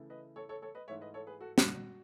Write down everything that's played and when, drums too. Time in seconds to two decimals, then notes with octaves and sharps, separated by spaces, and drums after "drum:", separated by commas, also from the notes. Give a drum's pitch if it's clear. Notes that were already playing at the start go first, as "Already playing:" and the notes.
Already playing: C#3 E3 A3 E4
0.10 B4 D#5
0.36 A4 C#5
0.49 A4 C#5
0.62 A4 C#5
0.75 B4 D#5
0.88 G#2 E3 A3 C#5 E5
1.01 B4 D#5
1.14 A4 C#5
1.27 G#4 B4
1.40 F#4 A4
1.58 drum: snare
1.67 F#4